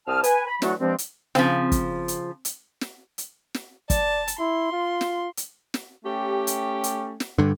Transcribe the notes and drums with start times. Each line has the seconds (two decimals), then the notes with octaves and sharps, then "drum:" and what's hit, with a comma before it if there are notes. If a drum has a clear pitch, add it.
0.07 C2 C4 A5 D#6 F6
0.24 B4 G#5, drum: hi-hat
0.47 B5
0.62 D3 E3 F#3 A3 F#4, drum: snare
0.80 G2 F3 G#3 C4
0.98 drum: hi-hat
1.35 C#3 F3 C4, drum: snare
1.72 drum: kick, hi-hat
2.08 drum: hi-hat
2.45 drum: hi-hat
2.81 drum: snare
3.18 drum: hi-hat
3.54 drum: snare
3.90 D5 A5, drum: kick, hi-hat
4.28 drum: hi-hat
4.39 E4 C6
4.73 F4
5.01 drum: snare
5.37 drum: hi-hat
5.74 drum: snare
6.05 A3 C#4 G4
6.47 drum: hi-hat
6.84 drum: hi-hat
7.20 drum: snare
7.38 G2 D3